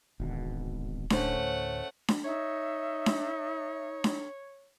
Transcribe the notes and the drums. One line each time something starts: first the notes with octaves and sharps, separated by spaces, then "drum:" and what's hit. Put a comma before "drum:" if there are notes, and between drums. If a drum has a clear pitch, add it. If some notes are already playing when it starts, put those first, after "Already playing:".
D1 G#1 B2 D3
D2 A2 A3 C#4 C5 F#5, drum: snare D4
drum: snare D4
D#4 C#5 E5
drum: snare D4
drum: snare D4